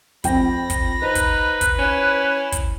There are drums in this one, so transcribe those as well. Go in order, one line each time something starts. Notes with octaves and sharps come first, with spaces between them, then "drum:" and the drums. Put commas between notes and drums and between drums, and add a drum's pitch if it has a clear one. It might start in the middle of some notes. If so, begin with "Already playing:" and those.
F2 G5 B5 A#6, drum: kick, hi-hat
drum: kick, hi-hat
D#4 B4 C5
drum: kick, hi-hat
drum: kick, hi-hat
C#4 E4
drum: kick, hi-hat